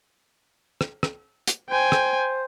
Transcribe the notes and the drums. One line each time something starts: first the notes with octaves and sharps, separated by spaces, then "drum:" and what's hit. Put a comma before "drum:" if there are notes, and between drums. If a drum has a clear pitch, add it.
drum: rim click
drum: rim click
drum: hi-hat
C5 G5 G#5
drum: rim click